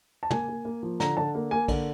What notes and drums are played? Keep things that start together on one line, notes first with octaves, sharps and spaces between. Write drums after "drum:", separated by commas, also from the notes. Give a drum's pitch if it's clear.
A5
A#3 G#5, drum: tom
A#3
A#3
F3
D3 A#5, drum: snare
D3 A5
A#3
A#3 G#5
D3, drum: kick A#1, cymbal